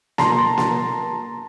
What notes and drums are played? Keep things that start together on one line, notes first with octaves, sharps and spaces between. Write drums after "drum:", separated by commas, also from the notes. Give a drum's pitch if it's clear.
A5 A#5 C6, drum: snare A#3
drum: snare A#3